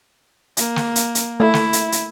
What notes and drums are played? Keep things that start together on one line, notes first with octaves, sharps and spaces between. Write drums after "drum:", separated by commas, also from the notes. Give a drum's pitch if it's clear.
A#3, drum: hi-hat
drum: snare
drum: hi-hat
drum: hi-hat
A3 E4
drum: snare
drum: hi-hat
drum: hi-hat